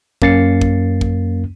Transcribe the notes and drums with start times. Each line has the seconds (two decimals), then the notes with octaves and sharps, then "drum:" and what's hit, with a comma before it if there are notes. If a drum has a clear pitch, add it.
0.22 F#2 A#3 C#4 A6 C7 C#7, drum: kick
0.61 drum: kick
1.01 drum: kick